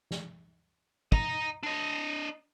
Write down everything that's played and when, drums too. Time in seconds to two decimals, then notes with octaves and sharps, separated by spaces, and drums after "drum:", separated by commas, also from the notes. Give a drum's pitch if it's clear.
0.11 drum: snare
1.12 D#5 A#5, drum: kick
1.63 D4 D#5